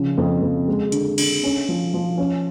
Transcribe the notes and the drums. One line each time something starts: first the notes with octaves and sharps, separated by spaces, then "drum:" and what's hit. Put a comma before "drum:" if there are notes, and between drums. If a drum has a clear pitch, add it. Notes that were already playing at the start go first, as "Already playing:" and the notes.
Already playing: C#3 F3
F2
F2
G#3
D3, drum: hi-hat
D3, drum: cymbal
C#4
F3
F3
C#4